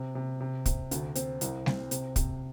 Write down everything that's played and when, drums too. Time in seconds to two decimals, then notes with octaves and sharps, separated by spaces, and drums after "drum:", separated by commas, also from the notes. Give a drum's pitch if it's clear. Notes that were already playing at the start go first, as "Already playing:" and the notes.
Already playing: C3
0.15 C3
0.40 C3
0.66 C3, drum: kick, hi-hat
0.91 D2, drum: hi-hat
1.15 C4, drum: hi-hat
1.41 C2, drum: hi-hat
1.66 C4, drum: snare
1.91 C3, drum: hi-hat
2.16 C3, drum: kick, hi-hat